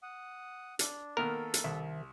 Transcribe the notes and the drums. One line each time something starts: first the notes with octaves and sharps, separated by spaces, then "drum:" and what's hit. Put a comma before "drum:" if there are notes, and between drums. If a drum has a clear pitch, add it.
F#5 D#6
D4, drum: hi-hat
D#3 A#3 B3 A4 A#4
drum: hi-hat
C2 D#3 C5 E5